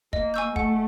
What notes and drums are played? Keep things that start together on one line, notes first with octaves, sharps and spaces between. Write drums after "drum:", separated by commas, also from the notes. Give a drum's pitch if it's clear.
A#3 D#5, drum: kick
G#5 C#6 E6 G6
A3 F#5, drum: kick